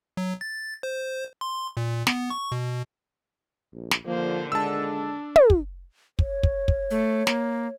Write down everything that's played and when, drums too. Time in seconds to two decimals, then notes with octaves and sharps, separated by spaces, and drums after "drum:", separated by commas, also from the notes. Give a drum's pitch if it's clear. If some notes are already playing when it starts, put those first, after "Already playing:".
0.17 F#3
0.41 A6
0.83 C5
1.41 C6
1.77 A#2
2.07 B3, drum: snare
2.30 C#6
2.52 B2
3.73 A#1
3.91 drum: snare
4.06 D#2 A#2 D3 F3 A#3 C5
4.52 G#3 D4 A5 E6
5.36 drum: tom
5.50 drum: kick
6.19 C#5, drum: kick
6.43 drum: kick
6.68 drum: kick
6.91 A3
7.27 A#3, drum: snare